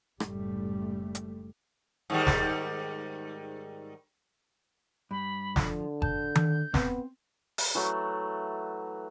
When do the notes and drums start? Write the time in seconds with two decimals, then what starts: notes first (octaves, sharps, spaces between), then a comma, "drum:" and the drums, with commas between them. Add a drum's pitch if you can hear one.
0.20 F#1 A2 G3 A3, drum: rim click
1.15 drum: hi-hat
2.10 G#2 D#3 G3
2.27 drum: snare
5.11 G2 B5
5.56 D3 F3, drum: snare
6.02 A5 G6, drum: kick F#1
6.35 drum: tom D#3
6.74 B3 C4, drum: snare
7.58 drum: open hi-hat
7.75 E3 F#3 A3